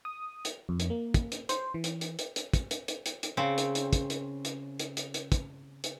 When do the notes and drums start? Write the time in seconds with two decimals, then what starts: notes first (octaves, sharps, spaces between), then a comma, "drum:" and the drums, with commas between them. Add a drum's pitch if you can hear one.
0.05 D#6
0.45 drum: hi-hat
0.69 F2
0.80 drum: hi-hat
0.90 A#3
1.14 drum: kick, hi-hat
1.32 drum: hi-hat
1.49 C5, drum: hi-hat
1.74 E3
1.84 drum: hi-hat
2.01 drum: hi-hat
2.19 drum: hi-hat
2.36 drum: hi-hat
2.53 drum: kick, hi-hat
2.71 drum: hi-hat
2.88 drum: hi-hat
3.06 drum: hi-hat
3.23 drum: hi-hat
3.37 C#3 C4
3.58 drum: hi-hat
3.75 drum: hi-hat
3.93 drum: kick, hi-hat
4.10 drum: hi-hat
4.45 drum: hi-hat
4.80 drum: hi-hat
4.97 drum: hi-hat
5.14 drum: hi-hat
5.32 drum: kick, hi-hat
5.84 drum: hi-hat